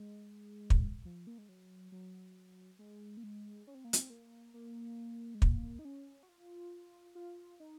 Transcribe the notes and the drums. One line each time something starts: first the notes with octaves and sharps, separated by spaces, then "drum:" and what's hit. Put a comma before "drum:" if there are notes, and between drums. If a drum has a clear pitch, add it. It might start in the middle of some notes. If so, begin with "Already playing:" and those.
Already playing: G#3
drum: kick
F3
A#3
G#3
F#3
F#3
G#3
A#3
G#3
C#4
C4
A#3
C4, drum: hi-hat
A#3
A#3
G#3
A#3, drum: kick
D#4
C#4
F#4
F4
F4
D#4